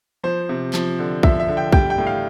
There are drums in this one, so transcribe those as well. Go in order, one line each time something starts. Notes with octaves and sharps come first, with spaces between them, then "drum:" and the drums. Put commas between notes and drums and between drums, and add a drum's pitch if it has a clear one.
F3 C5
C3
F3, drum: clap
D3
F3 E5, drum: kick
E5
D3
G5
G3 G5, drum: kick
G5
A2
F5